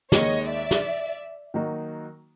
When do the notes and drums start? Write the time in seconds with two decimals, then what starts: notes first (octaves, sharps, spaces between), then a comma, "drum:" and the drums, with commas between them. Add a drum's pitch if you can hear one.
0.12 D#2 D#3 G#3 C#5 D#5, drum: snare
0.47 D5 E5
0.71 drum: snare
1.54 D#3 F#3 A#3 D#4 F#4